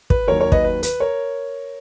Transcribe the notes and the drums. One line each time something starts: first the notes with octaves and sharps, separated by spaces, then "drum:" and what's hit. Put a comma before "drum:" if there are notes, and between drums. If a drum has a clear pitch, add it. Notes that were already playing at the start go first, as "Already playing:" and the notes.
B4, drum: kick
D#2 D#3 F#3 A#4 C#5
A#4 C#5
B4 D#5, drum: kick
B4
B4, drum: hi-hat
A#4 C#5